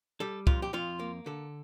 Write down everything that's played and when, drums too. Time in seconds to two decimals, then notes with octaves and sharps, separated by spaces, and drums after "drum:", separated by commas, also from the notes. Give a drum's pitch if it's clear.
0.20 G3 A4
0.47 F2 F4, drum: kick
0.62 G4
0.73 F2 F4
1.00 A#3
1.26 D3 A4